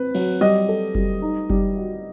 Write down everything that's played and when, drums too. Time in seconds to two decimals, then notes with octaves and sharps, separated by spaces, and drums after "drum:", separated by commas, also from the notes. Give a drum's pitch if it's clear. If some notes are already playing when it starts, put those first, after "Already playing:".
Already playing: C4 B4
0.15 F#3, drum: cymbal
0.41 G3 D#5
0.69 A4
0.95 G3, drum: kick F#1
1.22 D#4
1.50 G3, drum: kick F#1
1.77 F#4